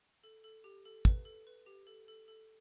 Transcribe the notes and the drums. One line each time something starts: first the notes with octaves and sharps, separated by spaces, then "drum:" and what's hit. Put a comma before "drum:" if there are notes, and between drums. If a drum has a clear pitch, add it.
A4
A4
G4
A4
B4, drum: kick
A4
B4
G4
A4
A4
A4